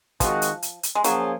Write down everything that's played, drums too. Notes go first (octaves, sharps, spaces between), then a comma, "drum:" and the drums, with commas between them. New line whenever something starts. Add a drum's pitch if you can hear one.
D#3 F3 G#3 C4 D#4 F#4, drum: kick, hi-hat
drum: hi-hat
drum: hi-hat
drum: hi-hat
G#3
F3 F#3 A#3 C#4 F4 G#4, drum: hi-hat